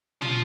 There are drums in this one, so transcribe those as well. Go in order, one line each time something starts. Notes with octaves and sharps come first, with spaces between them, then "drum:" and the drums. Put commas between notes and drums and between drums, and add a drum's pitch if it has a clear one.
F3, drum: tom